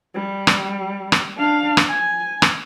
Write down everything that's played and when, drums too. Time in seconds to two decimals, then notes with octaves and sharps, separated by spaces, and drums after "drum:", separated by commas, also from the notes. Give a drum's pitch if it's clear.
0.15 G3
0.47 drum: rim click
1.12 drum: rim click
1.36 D4 F5
1.77 drum: rim click
1.89 G#5
2.42 drum: rim click